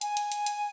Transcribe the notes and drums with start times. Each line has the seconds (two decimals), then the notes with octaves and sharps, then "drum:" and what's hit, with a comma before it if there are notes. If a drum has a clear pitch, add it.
0.01 G#5, drum: hi-hat
0.17 drum: hi-hat
0.32 drum: hi-hat
0.46 drum: hi-hat